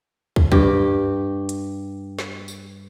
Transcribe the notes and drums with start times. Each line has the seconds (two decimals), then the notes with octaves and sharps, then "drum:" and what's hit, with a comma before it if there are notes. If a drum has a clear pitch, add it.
0.36 drum: kick
0.52 G2 G4, drum: kick
1.49 drum: hi-hat
2.19 drum: snare
2.48 drum: tambourine